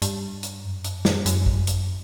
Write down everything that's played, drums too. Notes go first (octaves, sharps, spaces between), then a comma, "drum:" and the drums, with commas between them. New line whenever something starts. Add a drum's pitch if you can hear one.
G2, drum: hi-hat
drum: hi-hat
F#2
drum: hi-hat
drum: snare
F#2, drum: hi-hat
drum: kick A1
drum: hi-hat